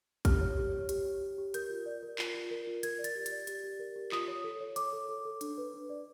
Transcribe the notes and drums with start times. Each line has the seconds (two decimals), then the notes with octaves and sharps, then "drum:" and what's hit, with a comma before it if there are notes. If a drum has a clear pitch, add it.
0.25 G4 F6, drum: kick A1, hi-hat
0.41 C#5
0.57 G4
0.73 C#5
0.89 G4, drum: hi-hat
1.05 G4
1.21 G4
1.38 G4
1.54 A#4 G6, drum: hi-hat
1.70 F4
1.86 D5
2.03 A#4
2.19 F4, drum: clap
2.35 F4
2.51 A#4
2.67 F4
2.83 A#4 G#6, drum: hi-hat
2.99 D5
3.04 A6, drum: hi-hat
3.15 G4
3.26 A6, drum: hi-hat
3.32 D5
3.47 G4, drum: hi-hat
3.64 G4
3.79 A#4
3.96 G4
4.12 F4 D#6, drum: clap
4.28 C#5
4.44 A4
4.61 C#5
4.76 C#5 D6, drum: hi-hat
4.93 A4
5.09 A4
5.25 A4
5.41 D4, drum: hi-hat
5.58 B4
5.74 D4
5.89 D5